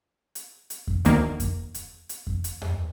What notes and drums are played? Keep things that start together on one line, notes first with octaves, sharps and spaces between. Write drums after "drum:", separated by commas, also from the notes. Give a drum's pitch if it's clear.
drum: hi-hat
drum: hi-hat
drum: kick F2
D2 D#3 A#3, drum: hi-hat
drum: kick F2, hi-hat
drum: hi-hat
drum: hi-hat
drum: kick F2
drum: hi-hat
drum: tom E2